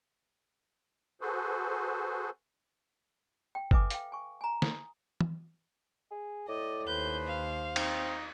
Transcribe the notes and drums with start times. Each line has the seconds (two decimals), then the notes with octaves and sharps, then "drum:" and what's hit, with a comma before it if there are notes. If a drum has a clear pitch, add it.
1.21 F#4 G#4 A4 B4 C5
3.55 G5
3.71 A4 B4 E5 G#5 D6, drum: kick G1
3.90 F5 G5, drum: hi-hat
4.12 G#5 C#6
4.41 G#5 A#5
4.62 D#6, drum: snare
5.21 drum: tom E3
6.11 G#4
6.49 A2 D5 D#5
6.87 D#2 B4 C5 G6
7.27 F5
7.76 C4 D#4, drum: cymbal